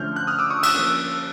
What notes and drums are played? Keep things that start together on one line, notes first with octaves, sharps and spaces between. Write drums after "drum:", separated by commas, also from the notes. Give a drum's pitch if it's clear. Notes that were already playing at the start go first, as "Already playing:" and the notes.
Already playing: D3 F3 A3 C#4 F6 G6
F#6
D#6 F6
D6 E6
C#6 D#6
E6 F#6, drum: cymbal
F3 A#3 C#4